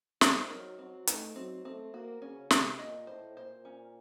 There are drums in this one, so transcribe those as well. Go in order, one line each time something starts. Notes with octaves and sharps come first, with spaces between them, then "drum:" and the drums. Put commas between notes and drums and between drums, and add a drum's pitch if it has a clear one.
C4 D#4, drum: snare
F#3 A#4
F#3 C4
A3 D#4, drum: hi-hat
F#3 C4
A3 C4
A#3 F#4
C#3 C#4
C3 C#4, drum: snare
A#2 D#5
A2 C5
A#2 C5
C#4